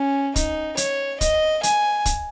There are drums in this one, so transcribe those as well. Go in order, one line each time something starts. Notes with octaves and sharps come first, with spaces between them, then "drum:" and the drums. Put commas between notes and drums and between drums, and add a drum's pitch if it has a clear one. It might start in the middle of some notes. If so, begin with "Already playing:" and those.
Already playing: C#4
D#4, drum: kick, hi-hat
C#5, drum: hi-hat
D#5, drum: kick, hi-hat
G#5, drum: hi-hat
drum: kick, hi-hat